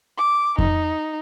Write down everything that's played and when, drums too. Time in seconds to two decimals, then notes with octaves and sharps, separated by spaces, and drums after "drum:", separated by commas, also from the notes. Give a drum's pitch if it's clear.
0.18 D6
0.58 D#4, drum: kick F2